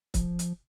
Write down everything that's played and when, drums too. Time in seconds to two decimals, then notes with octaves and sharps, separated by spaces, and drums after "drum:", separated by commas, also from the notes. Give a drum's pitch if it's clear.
0.14 F3, drum: kick, hi-hat
0.39 drum: hi-hat